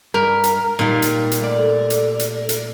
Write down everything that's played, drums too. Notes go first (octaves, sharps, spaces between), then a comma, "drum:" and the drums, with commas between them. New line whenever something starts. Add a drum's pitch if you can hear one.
G2 A#4 B5
drum: hi-hat
A#2 G3 D#4 F4
drum: hi-hat
drum: hi-hat
A3 D5
A4
drum: hi-hat
drum: hi-hat
drum: hi-hat